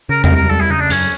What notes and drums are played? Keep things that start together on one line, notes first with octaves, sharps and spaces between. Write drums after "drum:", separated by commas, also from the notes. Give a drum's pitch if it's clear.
C#3 A#4
A#4, drum: tom E2
G3
A#4
G3 A4
E4
C#3 D#4
D4
F#2 C#4, drum: hi-hat